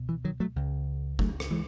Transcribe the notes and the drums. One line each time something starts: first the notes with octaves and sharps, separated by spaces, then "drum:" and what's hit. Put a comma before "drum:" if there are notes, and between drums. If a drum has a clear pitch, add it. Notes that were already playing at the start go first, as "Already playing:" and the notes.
Already playing: C#2 B2
E3
D#3 F#3
F#3 A3
C#2 C#3
F#3 A3, drum: kick
drum: rim click
E3 G#3